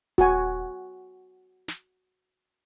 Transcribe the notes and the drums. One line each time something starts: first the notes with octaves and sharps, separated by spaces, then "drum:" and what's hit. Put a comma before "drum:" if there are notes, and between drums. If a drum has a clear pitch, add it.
F#4 G#5, drum: kick D#1
drum: snare